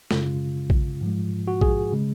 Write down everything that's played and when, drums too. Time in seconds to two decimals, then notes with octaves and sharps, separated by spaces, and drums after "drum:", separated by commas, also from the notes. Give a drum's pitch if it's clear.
0.11 F#2 C#3 G#3 F4, drum: snare
0.70 drum: kick A#1
1.01 G#2 F3 G#3
1.48 F#4
1.61 G#4, drum: kick A#1
1.92 C#3 G#3